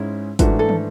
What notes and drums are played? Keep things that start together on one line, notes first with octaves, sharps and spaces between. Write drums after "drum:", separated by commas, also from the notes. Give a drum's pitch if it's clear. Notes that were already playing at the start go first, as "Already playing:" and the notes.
Already playing: G#2 G#3 C#4 E4
G#2 E3 A3 D4 F#4, drum: kick, hi-hat
A4
drum: tom